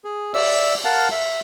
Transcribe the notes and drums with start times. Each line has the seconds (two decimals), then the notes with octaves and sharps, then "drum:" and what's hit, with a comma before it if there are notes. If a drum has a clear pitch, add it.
0.05 G#4
0.34 D5 E5 E6, drum: cymbal
0.85 A#4 F5 F#5 A5
1.12 E5